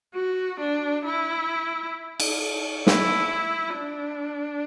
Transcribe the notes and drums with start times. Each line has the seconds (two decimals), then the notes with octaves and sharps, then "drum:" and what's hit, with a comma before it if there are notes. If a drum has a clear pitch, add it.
0.14 F#4
0.60 D4
1.05 E4
2.20 drum: cymbal
2.87 E4, drum: snare
3.77 D4